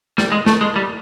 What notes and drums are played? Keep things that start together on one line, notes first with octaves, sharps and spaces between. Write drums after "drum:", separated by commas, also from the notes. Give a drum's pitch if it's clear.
G3, drum: snare
G#3
A3, drum: snare
G#3
G3